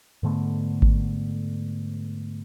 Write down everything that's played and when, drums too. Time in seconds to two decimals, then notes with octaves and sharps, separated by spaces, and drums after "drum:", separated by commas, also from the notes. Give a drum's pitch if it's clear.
0.23 G#2 D3 A3 B3
0.82 drum: kick G#1